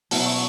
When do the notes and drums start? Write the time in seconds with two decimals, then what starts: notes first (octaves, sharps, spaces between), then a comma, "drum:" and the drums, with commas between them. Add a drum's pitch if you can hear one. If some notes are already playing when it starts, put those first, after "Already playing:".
0.11 B2 F#3 C#4 E4 A5, drum: open hi-hat
0.26 C#6